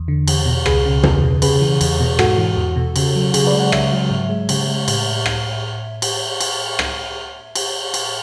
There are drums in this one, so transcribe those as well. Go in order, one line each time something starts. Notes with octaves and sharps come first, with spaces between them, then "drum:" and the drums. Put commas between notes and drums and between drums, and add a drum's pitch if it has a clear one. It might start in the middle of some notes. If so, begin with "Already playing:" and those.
Already playing: E2
D3
E2, drum: cymbal
B2
C#2 G#4 B4, drum: rim click
C#3
E2, drum: tom
B2
C#3 G#4 B4, drum: cymbal
E3
E2, drum: cymbal
B2
G#2 F#4 A4, drum: rim click
E3
E2
B2
C#3, drum: cymbal
F#3
C#3 G#4, drum: cymbal
B4 D5
G#3
D5 F#5
C#3 C#5 E5, drum: rim click
F#3
G#2
G#3
C#3, drum: cymbal
G#3
A2, drum: cymbal
drum: rim click
drum: cymbal
drum: cymbal
drum: rim click
drum: cymbal
drum: cymbal